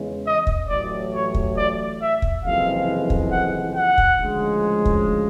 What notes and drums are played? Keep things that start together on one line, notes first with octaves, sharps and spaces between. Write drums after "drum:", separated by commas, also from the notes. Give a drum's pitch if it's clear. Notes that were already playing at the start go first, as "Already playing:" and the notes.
Already playing: E2 C#3 E3 G#3
D#5
drum: kick
A1 A2 F#3 D5
C#5
drum: kick
D5
E5
drum: kick
F#1 F2 C3 E3 G#3 F5
drum: kick
F#5
F#5
drum: kick
D2 C#3 F3 G#3
drum: kick